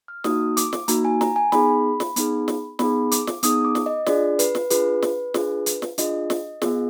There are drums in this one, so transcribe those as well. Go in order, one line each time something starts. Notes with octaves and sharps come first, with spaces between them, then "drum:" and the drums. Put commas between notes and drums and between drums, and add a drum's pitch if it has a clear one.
F6
A#3 D#4 F#4 D#6, drum: snare
D6, drum: hi-hat
drum: snare
A#3 D#4 F#4 A#5, drum: hi-hat
G#5
A#5, drum: snare
G#5
B3 D#4 G#4 B5, drum: snare
drum: snare
B3 D#4 G#4, drum: hi-hat
drum: snare
B3 D#4 G#4 B5, drum: snare
D6, drum: hi-hat
drum: snare
B3 D#4 G#4 D#6, drum: hi-hat
D6
drum: snare
D#5
D4 F4 G#4 D5, drum: snare
B4, drum: hi-hat
drum: snare
D4 F4 G#4 B4, drum: hi-hat
drum: snare
D4 F4 G#4, drum: snare
drum: hi-hat
drum: snare
D4 F4 G#4 D#5, drum: hi-hat
drum: snare
B3 F4 G#4, drum: snare